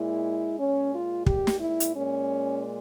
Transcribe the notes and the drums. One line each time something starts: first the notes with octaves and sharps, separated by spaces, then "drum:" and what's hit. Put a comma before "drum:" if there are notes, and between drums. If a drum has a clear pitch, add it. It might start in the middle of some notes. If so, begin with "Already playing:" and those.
Already playing: A#2 G#3 E4
A#2 G#3 C#4
F4
G4, drum: kick
drum: snare
E4
drum: hi-hat
A#2 G#3 C#4